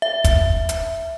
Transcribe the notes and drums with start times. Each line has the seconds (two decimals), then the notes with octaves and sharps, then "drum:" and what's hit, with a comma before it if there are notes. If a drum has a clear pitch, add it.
0.02 E5
0.24 drum: kick, hi-hat
0.69 drum: hi-hat